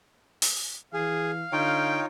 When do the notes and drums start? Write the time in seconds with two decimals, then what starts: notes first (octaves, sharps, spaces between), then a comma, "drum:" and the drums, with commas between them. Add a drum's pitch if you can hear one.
0.42 drum: open hi-hat
0.94 E3 G#4 F5
1.52 D3 D#4 F4 C#5 G5